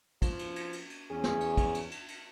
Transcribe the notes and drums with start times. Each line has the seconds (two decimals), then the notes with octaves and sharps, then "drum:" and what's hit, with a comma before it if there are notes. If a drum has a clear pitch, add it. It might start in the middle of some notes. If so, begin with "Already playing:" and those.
0.22 F3, drum: kick, cymbal
0.39 drum: cymbal
0.56 drum: cymbal
0.73 drum: cymbal
0.90 drum: cymbal
1.11 E2 C#4 G#4
1.24 drum: snare
1.41 drum: cymbal
1.57 drum: kick, cymbal
1.74 drum: cymbal
1.91 drum: cymbal
2.08 drum: cymbal